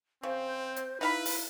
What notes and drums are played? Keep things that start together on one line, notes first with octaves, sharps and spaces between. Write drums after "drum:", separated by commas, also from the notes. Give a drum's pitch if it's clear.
C#3 C4 C5
drum: hi-hat
D#4 E4 B4 F5 B5
drum: open hi-hat